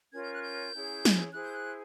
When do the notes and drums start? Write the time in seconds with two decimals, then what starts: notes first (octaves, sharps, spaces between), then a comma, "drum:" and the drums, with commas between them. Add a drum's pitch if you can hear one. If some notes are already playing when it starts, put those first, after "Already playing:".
0.12 C#4 F4 A#4 C#5 G#6
0.23 G6
0.33 F#6
0.43 G6
0.73 C#4 E4 G#4 C#5
1.05 drum: snare
1.33 E4 G#4 C5 F#6
1.44 G6
1.54 F#6